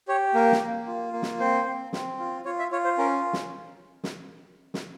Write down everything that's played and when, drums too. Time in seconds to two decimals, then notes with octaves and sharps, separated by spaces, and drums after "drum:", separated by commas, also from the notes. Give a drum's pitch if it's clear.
0.08 G4 C#5
0.34 A#3 A#4
0.52 drum: snare
0.61 A#3
0.87 F4
1.13 A#3
1.22 drum: snare
1.40 C4 C5
1.66 C4
1.93 C4, drum: snare
2.19 F4
2.45 F4 C#5
2.59 E5
2.71 F4 C#5
2.85 C5
2.98 C#4 A#4
3.33 drum: snare
4.04 drum: snare
4.74 drum: snare